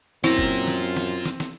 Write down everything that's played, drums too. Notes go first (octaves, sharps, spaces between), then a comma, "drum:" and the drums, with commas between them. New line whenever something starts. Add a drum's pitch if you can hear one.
F#2 C4 E4 F4 A#5, drum: snare
drum: kick F1
drum: snare
drum: snare
drum: snare
drum: snare